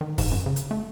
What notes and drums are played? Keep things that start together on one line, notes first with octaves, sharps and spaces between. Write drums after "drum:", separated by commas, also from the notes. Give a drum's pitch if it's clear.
D#3
G#2, drum: kick E1, open hi-hat
F#2
C#3
drum: hi-hat
A3